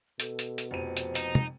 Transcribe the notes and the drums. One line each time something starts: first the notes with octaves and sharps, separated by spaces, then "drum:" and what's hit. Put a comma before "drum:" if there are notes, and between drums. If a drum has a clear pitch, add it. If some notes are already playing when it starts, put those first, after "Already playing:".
B2 A4, drum: hi-hat
drum: hi-hat
drum: hi-hat
F1 F2 C5 D#7
drum: hi-hat
D#4, drum: hi-hat
drum: tom